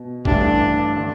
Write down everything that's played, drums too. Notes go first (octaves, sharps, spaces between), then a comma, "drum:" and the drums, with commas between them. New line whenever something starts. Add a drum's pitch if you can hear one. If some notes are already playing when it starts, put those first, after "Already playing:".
Already playing: B2
G1 G2 E3 A3 D4 G4, drum: kick
D3